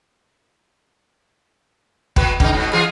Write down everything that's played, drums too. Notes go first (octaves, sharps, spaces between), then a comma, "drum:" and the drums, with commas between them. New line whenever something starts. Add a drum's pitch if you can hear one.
A#2 B4, drum: kick
C#3 D#4, drum: kick
G#2 B2
E3 F4 G#4